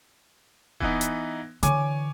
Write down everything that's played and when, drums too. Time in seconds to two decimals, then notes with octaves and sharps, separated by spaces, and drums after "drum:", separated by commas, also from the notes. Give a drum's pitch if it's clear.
0.80 E3 B3 D#4, drum: kick D#1
1.01 drum: hi-hat
1.63 D3 E3 C#5 G#5 D6, drum: hi-hat